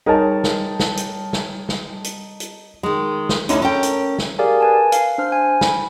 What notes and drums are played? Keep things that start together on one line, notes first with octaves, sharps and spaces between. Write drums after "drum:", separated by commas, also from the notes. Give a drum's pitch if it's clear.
G3 D#4 G#4 A#4 C#5 A5
drum: snare
drum: snare
drum: hi-hat
drum: snare
drum: snare
drum: hi-hat
drum: hi-hat
D#3 G#3
drum: snare
D2 D3 C#4 D#4 E4, drum: hi-hat
C#4 A4 A#4 G5
drum: hi-hat
drum: snare
G4 G#4 A#4 D5 F5 G#5
B4 G#5 A5
F5, drum: hi-hat
D4 C5 F6
G#5
B5, drum: snare